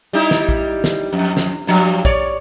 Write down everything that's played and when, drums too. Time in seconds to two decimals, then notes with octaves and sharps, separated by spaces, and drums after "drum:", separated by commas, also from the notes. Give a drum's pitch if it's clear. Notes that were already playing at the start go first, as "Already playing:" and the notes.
0.13 G3 D#4 E4
0.31 drum: snare
0.49 drum: kick A#1
0.84 drum: snare
1.13 F2
1.37 drum: snare
1.67 G2 F3 F#3
2.05 C#5 D5, drum: kick A#1